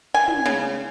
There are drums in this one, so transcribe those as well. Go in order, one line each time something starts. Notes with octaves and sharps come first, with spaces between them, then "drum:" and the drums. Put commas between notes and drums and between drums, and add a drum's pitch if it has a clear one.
G#5
drum: tom
C#3